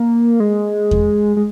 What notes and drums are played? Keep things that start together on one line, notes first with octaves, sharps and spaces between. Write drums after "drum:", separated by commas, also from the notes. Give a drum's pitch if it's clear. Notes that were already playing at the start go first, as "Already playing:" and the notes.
Already playing: A#3
G#3
drum: kick E2
G#3